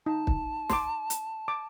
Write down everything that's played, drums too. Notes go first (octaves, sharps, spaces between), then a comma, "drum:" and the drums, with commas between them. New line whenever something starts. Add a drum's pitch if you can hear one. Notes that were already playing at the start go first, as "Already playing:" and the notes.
D#4 A5
drum: kick
C6 D6, drum: snare
drum: hi-hat
D6